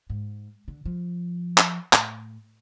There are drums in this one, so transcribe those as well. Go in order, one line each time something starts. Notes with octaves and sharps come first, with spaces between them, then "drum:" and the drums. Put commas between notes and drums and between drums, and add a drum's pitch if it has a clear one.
G#2
D3
F3
drum: clap
A2, drum: clap